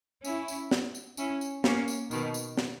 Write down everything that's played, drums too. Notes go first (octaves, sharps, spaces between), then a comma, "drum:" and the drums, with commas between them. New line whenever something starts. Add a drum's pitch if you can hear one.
C#4 E4, drum: tambourine
drum: tambourine
drum: snare
drum: tambourine
C#4 E4, drum: tambourine
drum: tambourine
A#3 C#4, drum: snare
drum: tambourine
B2 D#3, drum: tambourine
drum: tambourine
drum: snare